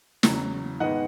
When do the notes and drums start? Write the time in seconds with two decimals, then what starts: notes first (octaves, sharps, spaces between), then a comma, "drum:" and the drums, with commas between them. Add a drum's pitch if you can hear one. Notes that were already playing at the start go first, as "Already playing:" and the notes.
0.23 E2 C#3 F#3, drum: snare
0.80 G#2 D#3 G#3 B3 D#5 F#5